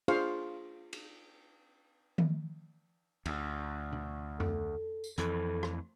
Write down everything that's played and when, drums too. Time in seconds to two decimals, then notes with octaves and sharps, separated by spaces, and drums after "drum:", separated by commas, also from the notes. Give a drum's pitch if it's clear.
0.08 D4 F4 G#4 C5 F5 C#6, drum: cymbal
0.93 drum: cymbal
2.18 drum: tom D#3
3.26 D2, drum: cymbal
3.93 drum: tom B2
4.40 A4, drum: tom F2
5.04 drum: tambourine
5.18 F2 E3 A4, drum: hi-hat
5.63 drum: rim click